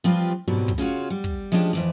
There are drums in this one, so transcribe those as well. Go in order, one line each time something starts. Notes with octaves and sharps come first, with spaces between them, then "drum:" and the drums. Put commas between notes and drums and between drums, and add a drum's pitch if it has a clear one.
F3 G3 C4 F4 G4 B4
F2 G#2 B2 F#3 G3
drum: kick, hi-hat
C#3 C#4 F4 F#4
drum: hi-hat
G3
drum: kick, hi-hat
drum: hi-hat
F3 G#3 C#4 D4 G4, drum: hi-hat
F2 E3 D5